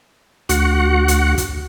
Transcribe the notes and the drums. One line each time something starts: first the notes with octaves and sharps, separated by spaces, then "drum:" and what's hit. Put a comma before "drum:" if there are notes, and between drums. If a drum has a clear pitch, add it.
D2 F#4 F#5, drum: hi-hat
drum: hi-hat
drum: kick, hi-hat